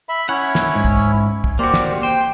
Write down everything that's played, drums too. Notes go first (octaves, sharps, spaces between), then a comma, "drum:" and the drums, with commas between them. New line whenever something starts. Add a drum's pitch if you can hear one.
E5 B5
C#4 E4 C#5 F#5
drum: snare
G#2
drum: kick
drum: kick
A#3 F#4 G4 C5 D5
drum: snare
C5 G5